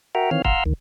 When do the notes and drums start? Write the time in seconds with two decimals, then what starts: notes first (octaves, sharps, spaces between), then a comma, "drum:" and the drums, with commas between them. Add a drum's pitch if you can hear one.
0.15 F#4 A#4 E5 F#5 G5 A#5
0.31 D#3 E3 C4 C#5 F5 F6
0.45 F5 F#5 A#5 C6 E6 F6, drum: kick
0.66 D2 D#3